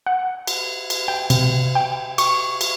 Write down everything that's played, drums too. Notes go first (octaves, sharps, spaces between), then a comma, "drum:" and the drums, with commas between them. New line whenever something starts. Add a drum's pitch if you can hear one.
F#5
drum: cymbal
drum: cymbal
G5
C3, drum: cymbal
G5
C#6, drum: cymbal
drum: cymbal